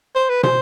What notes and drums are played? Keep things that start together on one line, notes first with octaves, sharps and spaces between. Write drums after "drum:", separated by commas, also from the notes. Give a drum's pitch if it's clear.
C5
B4
C5, drum: tom